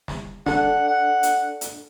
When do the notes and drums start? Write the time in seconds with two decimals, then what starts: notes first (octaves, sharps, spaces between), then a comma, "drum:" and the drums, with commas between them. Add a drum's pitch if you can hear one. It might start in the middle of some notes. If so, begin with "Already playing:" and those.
0.08 drum: snare
0.46 D4 A4 D5 F#5, drum: snare
0.88 F#5
1.23 drum: hi-hat
1.61 drum: hi-hat